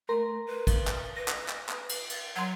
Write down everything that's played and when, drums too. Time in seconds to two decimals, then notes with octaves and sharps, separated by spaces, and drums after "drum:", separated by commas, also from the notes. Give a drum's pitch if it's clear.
0.09 A3 A#4 A#5 C6
0.47 B4
0.67 drum: kick, cymbal
0.87 drum: clap
1.16 B4 A#6
1.28 drum: clap
1.49 drum: clap
1.69 drum: clap
1.89 drum: cymbal
2.10 drum: cymbal
2.36 F#3 F#5 C6